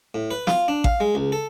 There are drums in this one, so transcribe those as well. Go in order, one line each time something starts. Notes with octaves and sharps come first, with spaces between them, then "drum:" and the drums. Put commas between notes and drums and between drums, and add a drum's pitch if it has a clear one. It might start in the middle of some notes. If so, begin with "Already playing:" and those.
A2
B4
F4, drum: snare
D4
F5, drum: kick A1
G#3
C#2
A4